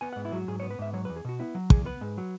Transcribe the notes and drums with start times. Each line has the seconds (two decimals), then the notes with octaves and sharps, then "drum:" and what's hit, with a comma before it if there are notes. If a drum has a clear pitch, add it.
0.01 B3 G#5
0.13 G#2 F#5
0.25 E4
0.32 F#3 F#4
0.48 G#2 G#4
0.60 B3 C#5
0.70 B4
0.79 G#2 E5
0.93 F#3 C#5
1.05 E2 B4
1.16 G#4
1.25 B2 F#4
1.40 B3 E4
1.55 F#3
1.70 E2 G#4, drum: kick
1.86 B3 B4
2.01 G#2
2.18 F#3